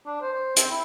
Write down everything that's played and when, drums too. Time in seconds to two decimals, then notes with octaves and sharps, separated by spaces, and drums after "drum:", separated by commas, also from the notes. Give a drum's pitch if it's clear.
0.06 D4
0.21 C5
0.32 C5
0.56 C4, drum: hi-hat
0.70 E4